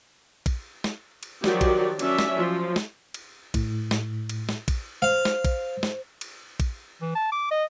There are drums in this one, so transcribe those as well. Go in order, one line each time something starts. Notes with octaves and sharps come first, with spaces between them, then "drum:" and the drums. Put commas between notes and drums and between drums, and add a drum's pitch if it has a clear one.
drum: kick, cymbal
drum: snare
drum: cymbal
D#3 F3 F#3 F#4 G4 D5, drum: snare
drum: kick, cymbal
F#3 C#4 D4 E5, drum: cymbal
drum: snare
F3 F#3
drum: snare
drum: cymbal
A2, drum: kick, cymbal
drum: snare
drum: cymbal
drum: snare
drum: kick, cymbal
C5 F5
drum: snare
drum: kick, cymbal
drum: snare
drum: cymbal
drum: kick, cymbal
E3
A5
D6
D#5